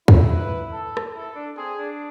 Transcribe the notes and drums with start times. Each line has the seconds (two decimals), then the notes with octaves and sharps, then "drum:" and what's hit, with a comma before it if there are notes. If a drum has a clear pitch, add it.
0.08 E4, drum: kick
0.29 B4
0.71 A4
0.97 drum: rim click
1.15 E4 A4
1.35 D4
1.56 C4 G#4
1.78 D4